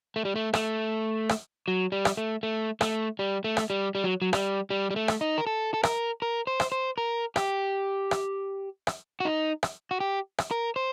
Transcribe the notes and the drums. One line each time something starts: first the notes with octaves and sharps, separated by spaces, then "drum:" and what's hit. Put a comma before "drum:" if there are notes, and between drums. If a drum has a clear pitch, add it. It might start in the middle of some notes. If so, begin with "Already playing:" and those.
A3
G3
A3
A3, drum: rim click
drum: rim click
F#3
G3
drum: rim click
A3
A3
A3, drum: rim click
G3
A3
drum: rim click
G3
G3
F#3
F#3
G3, drum: rim click
G3
G3
A3
drum: rim click
D#4
A#4
A4
A4
A#4, drum: rim click
A#4
C5
drum: rim click
C5
A#4
G4, drum: rim click
drum: rim click
drum: rim click
F#4
D#4
drum: rim click
F#4
G4
drum: rim click
A#4
C5